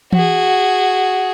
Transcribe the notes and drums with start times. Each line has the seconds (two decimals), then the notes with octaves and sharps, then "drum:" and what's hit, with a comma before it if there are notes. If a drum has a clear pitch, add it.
0.13 F#4 G#4, drum: tom E3